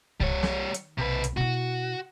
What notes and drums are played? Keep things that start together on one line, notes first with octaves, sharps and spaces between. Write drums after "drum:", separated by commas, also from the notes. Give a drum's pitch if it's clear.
D#3 G3 C#5, drum: kick C2
drum: snare
drum: hi-hat
B1 C3 B4
drum: hi-hat
B2 E4 F#4